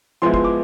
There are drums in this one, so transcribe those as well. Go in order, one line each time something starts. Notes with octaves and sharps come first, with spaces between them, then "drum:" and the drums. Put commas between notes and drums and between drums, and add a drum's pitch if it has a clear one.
F3 G#3 B3 E4 C6
C6, drum: kick
D6